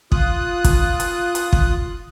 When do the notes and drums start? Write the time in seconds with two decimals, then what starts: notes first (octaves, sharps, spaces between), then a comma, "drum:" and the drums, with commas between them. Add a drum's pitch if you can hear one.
0.12 F4 D#6 F#6, drum: kick
0.64 drum: kick, hi-hat
1.00 drum: hi-hat
1.35 drum: hi-hat
1.53 drum: kick